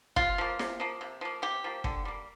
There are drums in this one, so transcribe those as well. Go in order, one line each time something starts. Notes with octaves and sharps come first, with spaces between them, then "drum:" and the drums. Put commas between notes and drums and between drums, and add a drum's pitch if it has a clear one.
C3 F4, drum: kick
F3 A#3
C3, drum: snare
F3 A#3
C3
F3 A#3
C3 G4
F3 A#3
D3, drum: kick
G3 A#3